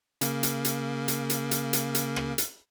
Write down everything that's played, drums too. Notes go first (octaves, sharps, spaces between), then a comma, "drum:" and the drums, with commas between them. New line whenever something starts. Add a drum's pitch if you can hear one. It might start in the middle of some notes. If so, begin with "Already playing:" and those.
C#3 A#3, drum: hi-hat
drum: hi-hat
drum: hi-hat
drum: hi-hat
drum: hi-hat
drum: hi-hat
drum: hi-hat
drum: hi-hat
drum: rim click
drum: hi-hat